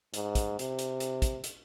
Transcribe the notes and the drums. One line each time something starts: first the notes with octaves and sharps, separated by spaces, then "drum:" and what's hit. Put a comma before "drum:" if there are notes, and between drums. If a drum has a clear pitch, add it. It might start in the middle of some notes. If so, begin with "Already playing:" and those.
G#2, drum: hi-hat
drum: kick, hi-hat
C3, drum: hi-hat
drum: hi-hat
drum: hi-hat
drum: kick, hi-hat
drum: hi-hat